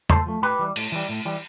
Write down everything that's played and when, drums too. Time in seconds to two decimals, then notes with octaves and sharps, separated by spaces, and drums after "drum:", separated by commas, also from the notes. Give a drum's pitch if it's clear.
0.10 A2 A4 C5, drum: tom E2
0.26 F3 A3
0.42 A2 G4 B4
0.59 E3 G3
0.76 A2, drum: cymbal
0.92 E3 G3
1.09 A2
1.25 E3 G3